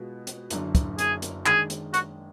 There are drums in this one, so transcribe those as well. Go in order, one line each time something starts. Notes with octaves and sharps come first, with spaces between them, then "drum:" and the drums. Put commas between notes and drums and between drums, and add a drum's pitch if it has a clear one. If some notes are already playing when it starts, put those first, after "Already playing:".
Already playing: B2 G#3 B3 F4
drum: hi-hat
F#1 F#2 D3, drum: hi-hat
drum: kick, hi-hat
G#4, drum: hi-hat
drum: hi-hat
D#3 G#3 D4 G#4, drum: clap
drum: hi-hat
F#4, drum: hi-hat